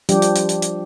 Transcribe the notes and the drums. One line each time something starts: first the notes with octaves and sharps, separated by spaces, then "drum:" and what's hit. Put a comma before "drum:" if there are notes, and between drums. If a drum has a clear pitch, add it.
F3 G3 D4 G4, drum: hi-hat
drum: hi-hat
drum: hi-hat
drum: hi-hat
drum: hi-hat